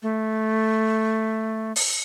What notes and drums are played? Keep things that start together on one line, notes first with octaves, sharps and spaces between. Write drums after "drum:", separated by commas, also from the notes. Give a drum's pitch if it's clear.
A3
drum: open hi-hat